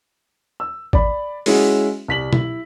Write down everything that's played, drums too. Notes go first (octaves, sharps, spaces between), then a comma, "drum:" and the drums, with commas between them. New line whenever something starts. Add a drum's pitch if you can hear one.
E6
D5 B5, drum: kick G#1
G#3 C#4 E4 F#4 G#4, drum: open hi-hat
C2 B6 F#7
E4, drum: tom B2